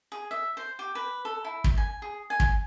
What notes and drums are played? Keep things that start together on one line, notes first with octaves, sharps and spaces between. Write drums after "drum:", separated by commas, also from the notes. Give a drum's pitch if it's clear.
G#4
E5
C5
G4
B4
A4
E4
drum: kick
G#5
G#4
G#5
drum: kick